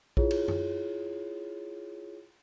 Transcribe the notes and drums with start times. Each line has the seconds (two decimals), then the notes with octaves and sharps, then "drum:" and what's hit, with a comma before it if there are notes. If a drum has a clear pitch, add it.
0.17 E4 F4 G#4 C#5, drum: kick A#1
0.31 drum: cymbal
0.48 drum: tom F#2